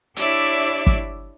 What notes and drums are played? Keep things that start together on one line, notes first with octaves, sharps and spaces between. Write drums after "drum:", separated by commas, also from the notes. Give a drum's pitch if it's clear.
D4 E4 G4 C#5 D5 E5, drum: hi-hat
drum: kick